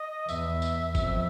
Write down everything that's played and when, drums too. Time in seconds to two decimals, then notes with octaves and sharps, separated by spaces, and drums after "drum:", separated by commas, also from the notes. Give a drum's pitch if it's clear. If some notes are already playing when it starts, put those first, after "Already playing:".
Already playing: D#5
0.29 E2 E5, drum: tambourine
0.62 drum: tambourine
0.95 F2, drum: kick F#1, tambourine